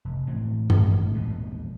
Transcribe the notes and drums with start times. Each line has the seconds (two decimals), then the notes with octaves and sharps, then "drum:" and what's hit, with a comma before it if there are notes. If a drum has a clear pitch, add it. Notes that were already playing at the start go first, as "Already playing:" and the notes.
0.05 F1
0.27 A2 E3 C4
0.70 drum: tom
0.85 G#1 A2 E3 G#3
1.14 E1 A#1 D#2 B2